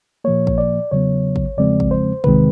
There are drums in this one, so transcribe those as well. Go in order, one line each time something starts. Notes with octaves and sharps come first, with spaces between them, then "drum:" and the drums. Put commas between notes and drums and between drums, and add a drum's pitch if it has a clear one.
A#2 F3 A#3 C#5
drum: kick
D5
E2 C#3 F#3 B3 C#5
drum: kick
E2 C#3 F3 G#3 C4 D5
drum: kick
C5
E2 C3 D#3 G#3 C4 B4, drum: kick